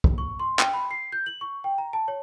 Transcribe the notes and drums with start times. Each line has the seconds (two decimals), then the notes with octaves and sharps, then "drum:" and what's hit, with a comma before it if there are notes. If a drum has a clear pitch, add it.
0.04 drum: kick
0.18 C#6
0.40 C6
0.59 G5, drum: clap
0.73 B5
0.91 C7
1.12 G6
1.26 F#7
1.41 C#6
1.64 G5
1.78 A#5
1.93 A5
2.08 C#5